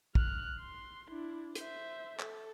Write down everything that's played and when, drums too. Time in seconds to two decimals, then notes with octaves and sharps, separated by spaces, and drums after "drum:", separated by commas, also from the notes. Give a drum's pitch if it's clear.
0.15 F6 F#6, drum: kick
0.60 C6
1.11 D4 E4
1.55 C5 E5, drum: hi-hat
2.19 A4, drum: clap